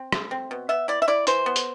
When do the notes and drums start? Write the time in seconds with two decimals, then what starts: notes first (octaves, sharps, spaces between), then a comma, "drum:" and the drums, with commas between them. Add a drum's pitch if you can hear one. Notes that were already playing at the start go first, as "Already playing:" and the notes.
Already playing: C4
0.12 A3, drum: rim click
0.31 C4
0.51 B2
0.69 B3 E5
0.88 E4 D5
1.02 E5
1.08 E4 D5
1.27 E3 C5, drum: hi-hat
1.46 B3
1.56 drum: hi-hat